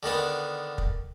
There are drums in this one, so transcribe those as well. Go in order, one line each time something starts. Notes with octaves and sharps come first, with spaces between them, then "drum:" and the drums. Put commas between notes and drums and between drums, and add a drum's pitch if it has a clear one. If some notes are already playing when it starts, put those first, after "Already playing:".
D3 D#3 B3 D4
drum: kick